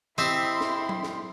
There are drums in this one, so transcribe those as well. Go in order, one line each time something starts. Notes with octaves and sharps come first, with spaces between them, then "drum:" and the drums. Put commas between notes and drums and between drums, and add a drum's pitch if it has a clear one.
C4 E4 G4 C5 D#5 E5 C6
drum: snare
drum: tom F#3
drum: snare